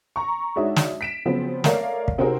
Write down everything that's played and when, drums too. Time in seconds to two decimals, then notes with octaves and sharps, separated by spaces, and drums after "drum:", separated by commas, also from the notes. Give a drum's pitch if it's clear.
0.16 A#5 C#6
0.56 G#3 D4 D#4 F#4 C#5 E5
0.76 drum: snare
1.01 B6 D7 E7
1.25 C#3 F3 F#3 B3 C4
1.64 A3 A#4 C#5 D5 F5, drum: snare
2.08 drum: kick
2.18 C3 C4 D#4 F#4 G#4 A#4